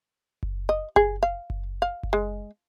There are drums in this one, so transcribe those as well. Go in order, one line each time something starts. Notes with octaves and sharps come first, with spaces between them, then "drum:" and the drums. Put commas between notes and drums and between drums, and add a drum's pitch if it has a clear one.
drum: kick F#1
D#5
G#4, drum: kick F#1
F5
drum: kick F#1
F5
drum: kick F#1
G#3